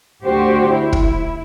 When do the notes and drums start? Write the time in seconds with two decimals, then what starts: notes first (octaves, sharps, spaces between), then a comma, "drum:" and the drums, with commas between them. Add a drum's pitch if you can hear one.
0.24 D2 F#4 G4 C5
0.71 E4
0.93 drum: kick